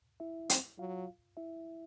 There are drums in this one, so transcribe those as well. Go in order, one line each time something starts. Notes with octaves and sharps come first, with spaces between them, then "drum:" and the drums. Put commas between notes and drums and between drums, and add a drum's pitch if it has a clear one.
E4 E5
C4, drum: hi-hat
F#3 F4 F5
E4 E5